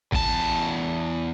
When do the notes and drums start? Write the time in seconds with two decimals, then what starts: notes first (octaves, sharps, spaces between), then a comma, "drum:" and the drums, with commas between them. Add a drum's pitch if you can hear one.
0.12 E2 A5, drum: kick